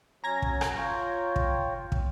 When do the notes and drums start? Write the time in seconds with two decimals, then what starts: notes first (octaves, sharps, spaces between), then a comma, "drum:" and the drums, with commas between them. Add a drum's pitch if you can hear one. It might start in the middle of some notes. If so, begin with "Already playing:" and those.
0.24 F#3 C#4 A#5 G#6 A#6
0.42 drum: kick
0.61 drum: rim click
0.76 F4 C#5 G5
1.36 drum: kick
1.92 drum: kick